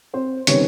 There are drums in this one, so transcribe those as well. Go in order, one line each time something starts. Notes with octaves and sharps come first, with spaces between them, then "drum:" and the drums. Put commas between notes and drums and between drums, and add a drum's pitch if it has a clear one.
C4 C5
C3 D#3 G3 B3 C#4 C#5, drum: hi-hat